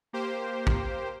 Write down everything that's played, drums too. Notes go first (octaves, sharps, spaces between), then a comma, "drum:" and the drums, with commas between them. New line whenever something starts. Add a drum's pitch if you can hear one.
A#3 G4 C5
drum: kick